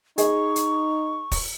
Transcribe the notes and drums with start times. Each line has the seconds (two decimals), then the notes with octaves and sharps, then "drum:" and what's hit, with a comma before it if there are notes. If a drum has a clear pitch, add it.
0.18 D#4 G#4 D#5 C#6, drum: hi-hat
0.56 drum: hi-hat
1.31 drum: kick, open hi-hat